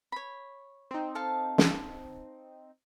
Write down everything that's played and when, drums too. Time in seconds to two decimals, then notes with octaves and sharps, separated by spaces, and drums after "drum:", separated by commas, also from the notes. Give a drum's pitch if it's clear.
0.12 C#5 B5
0.91 C4 D#4
1.15 A4 F5 A5
1.58 drum: snare